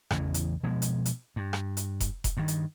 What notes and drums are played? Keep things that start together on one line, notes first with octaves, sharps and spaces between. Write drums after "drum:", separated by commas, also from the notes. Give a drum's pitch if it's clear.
A1 E2 C#3 E3, drum: rim click
drum: hi-hat
B2 F3 G3 G#3
drum: hi-hat
drum: hi-hat
G2
drum: rim click
drum: hi-hat
drum: kick F1, hi-hat
drum: kick F1, hi-hat
G2 D#3
drum: hi-hat